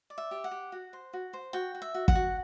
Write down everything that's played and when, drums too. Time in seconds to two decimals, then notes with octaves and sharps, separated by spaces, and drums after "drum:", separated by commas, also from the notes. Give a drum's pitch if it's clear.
0.10 D5
0.18 E5
0.31 G4
0.44 F#5
0.51 G4
0.72 F#4
0.93 C5
1.13 F#4
1.33 C5
1.53 F#4 G5
1.75 F#4
1.82 E5
1.94 F#4
2.08 F#5, drum: kick
2.15 F#4